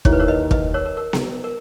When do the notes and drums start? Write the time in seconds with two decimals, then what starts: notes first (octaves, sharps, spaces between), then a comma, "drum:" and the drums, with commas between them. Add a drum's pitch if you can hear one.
0.05 D#2 D#3 A#3 E4 C#5, drum: kick
0.13 B4
0.19 A#4 C#5
0.28 B4 D#5
0.51 B4 D#5, drum: kick
0.74 A#4 C#5
0.86 A#4
0.97 A#4
1.13 drum: snare B3
1.44 A#4